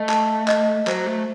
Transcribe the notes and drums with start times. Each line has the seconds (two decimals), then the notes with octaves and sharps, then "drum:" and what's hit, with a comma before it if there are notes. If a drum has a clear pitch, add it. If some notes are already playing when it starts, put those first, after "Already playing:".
Already playing: A3 D#5
0.09 A5, drum: clap
0.48 D#5, drum: clap
0.87 F#3 C5, drum: clap
1.06 A3